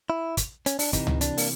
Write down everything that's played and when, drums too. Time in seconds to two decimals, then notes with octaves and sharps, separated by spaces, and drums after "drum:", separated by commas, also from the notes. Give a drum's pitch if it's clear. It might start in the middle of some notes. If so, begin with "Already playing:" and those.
0.10 E4
0.37 drum: kick, hi-hat
0.66 C#4, drum: hi-hat
0.79 D4, drum: open hi-hat
0.93 C3 E3 D#4, drum: kick, hi-hat
1.07 drum: tom C#2
1.21 D4, drum: hi-hat
1.37 A#3, drum: open hi-hat